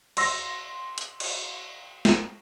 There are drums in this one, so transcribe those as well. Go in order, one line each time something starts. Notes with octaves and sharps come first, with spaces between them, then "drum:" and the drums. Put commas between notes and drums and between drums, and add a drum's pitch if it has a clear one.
C6 E6 A#6, drum: cymbal
drum: hi-hat
drum: cymbal
drum: snare